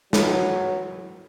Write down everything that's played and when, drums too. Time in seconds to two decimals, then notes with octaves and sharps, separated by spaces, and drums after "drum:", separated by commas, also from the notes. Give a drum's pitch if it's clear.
0.13 F#3, drum: snare